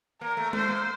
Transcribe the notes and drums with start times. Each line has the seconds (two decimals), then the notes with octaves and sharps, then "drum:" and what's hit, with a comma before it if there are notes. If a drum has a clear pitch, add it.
0.21 A#3 A#4
0.37 A3
0.53 A3 C5, drum: tom G#3
0.69 A#3